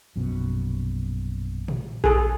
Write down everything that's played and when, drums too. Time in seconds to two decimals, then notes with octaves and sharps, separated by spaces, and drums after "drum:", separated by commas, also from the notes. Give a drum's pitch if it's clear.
0.16 A#1 F#2 B2
1.68 drum: tom
2.04 G#4 A4, drum: kick A#1